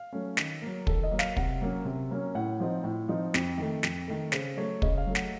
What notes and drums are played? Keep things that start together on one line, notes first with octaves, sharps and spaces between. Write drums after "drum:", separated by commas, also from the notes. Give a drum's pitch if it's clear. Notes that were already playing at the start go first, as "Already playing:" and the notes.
Already playing: F5
F#3 A3 C#4
D#3, drum: snare
F#3 A#3
D#3 A4, drum: kick
D#5
F#3 A#3
F5, drum: snare
C3 F#5, drum: kick
F#3 A#3 C#4
C3
F#3 A#3 C#4
A2 F#5
F3 C4 D#4
A2
F3 C4 D#4
F2, drum: snare
D#3 A3
F2, drum: snare
D#3 A3
C#3 C5, drum: snare
F#3 A3 C#5
C#3 D#5, drum: kick
F5
F#3 A3
F#5, drum: snare